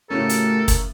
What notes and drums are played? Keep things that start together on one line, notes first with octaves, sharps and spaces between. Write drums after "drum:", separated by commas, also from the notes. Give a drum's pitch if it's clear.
A2 C#3 A3 C#4 F#4 G4 A4 A#4
drum: hi-hat
drum: kick, hi-hat